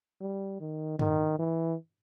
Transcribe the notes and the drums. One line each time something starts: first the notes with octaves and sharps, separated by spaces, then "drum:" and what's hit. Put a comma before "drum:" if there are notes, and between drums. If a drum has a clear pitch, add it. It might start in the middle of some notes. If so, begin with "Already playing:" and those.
G3
D#3
D#3, drum: tom G2
E3